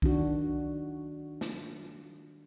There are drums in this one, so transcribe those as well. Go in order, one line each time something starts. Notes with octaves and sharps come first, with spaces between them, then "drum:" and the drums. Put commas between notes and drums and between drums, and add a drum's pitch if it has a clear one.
D#3 D4 F#4, drum: kick B1
drum: snare